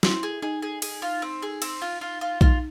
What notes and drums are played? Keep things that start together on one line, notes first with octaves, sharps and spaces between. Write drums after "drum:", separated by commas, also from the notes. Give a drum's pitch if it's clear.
C4 E4, drum: snare
G#4
D#4 G#4
G#4
G#4, drum: cymbal
F4
C4
G#4
C4, drum: cymbal
F4
F4
F4
D#4 F4, drum: kick B1